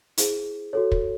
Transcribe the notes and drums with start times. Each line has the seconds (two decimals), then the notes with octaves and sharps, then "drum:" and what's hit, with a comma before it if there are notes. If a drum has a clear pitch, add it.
0.18 E4 G#4 C5, drum: hi-hat
0.73 F#4 A4 C#5
0.92 drum: kick